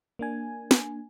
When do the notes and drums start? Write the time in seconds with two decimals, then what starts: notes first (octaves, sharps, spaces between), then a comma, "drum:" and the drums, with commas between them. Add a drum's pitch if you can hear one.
0.19 A#3 D4 G#5
0.71 drum: snare